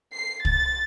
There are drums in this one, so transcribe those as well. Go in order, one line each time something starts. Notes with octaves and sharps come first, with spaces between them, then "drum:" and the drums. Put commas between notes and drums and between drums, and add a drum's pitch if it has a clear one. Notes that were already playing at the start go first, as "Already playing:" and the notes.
C7
A6, drum: kick